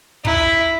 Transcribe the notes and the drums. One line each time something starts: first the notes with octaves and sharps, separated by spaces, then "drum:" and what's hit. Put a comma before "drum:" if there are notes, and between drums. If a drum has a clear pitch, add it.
E4, drum: kick